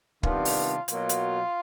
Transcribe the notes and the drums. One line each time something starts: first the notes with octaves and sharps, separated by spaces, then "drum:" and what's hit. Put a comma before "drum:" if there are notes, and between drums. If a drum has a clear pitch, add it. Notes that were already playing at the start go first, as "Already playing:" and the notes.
C3 D#3 G3 B3 D4 F4, drum: kick
drum: open hi-hat
B2 F#3 A#3 F4, drum: hi-hat
drum: hi-hat